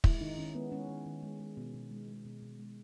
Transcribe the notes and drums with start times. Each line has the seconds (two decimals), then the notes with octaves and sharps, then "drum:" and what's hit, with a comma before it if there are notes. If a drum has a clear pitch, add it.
0.04 G#3 E4, drum: kick
0.21 D#3 D#4
0.38 D#3 C#4
0.55 G#3 B3
0.72 G#3 C#4
0.89 D#3
1.06 D#3
1.23 G#3
1.40 G#3
1.57 B2
1.74 B2
1.91 G#3
2.08 G#3
2.25 B2
2.42 B2
2.59 G#3